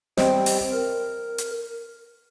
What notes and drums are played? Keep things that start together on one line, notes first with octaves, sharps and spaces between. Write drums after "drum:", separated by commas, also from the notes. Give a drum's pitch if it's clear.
G3 C4 G4 C5 D#5 G5, drum: snare
drum: open hi-hat
A#4
drum: hi-hat